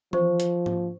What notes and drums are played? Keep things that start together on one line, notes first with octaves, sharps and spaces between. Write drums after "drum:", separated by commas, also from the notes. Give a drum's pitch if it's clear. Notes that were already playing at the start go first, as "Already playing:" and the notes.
F3 C5 C#6, drum: tom E3
drum: hi-hat
drum: tom G#2